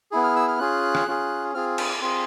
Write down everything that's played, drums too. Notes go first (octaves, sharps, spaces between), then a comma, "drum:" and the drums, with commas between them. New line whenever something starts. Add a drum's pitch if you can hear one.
B3 E4 G#4
F6
E6
F6
C#4 F4 G#4 F#6
drum: rim click
C#4 F4 G#4
C4 F4 G#4 F6
D#6, drum: cymbal
D6
C4 F4 G#4 C6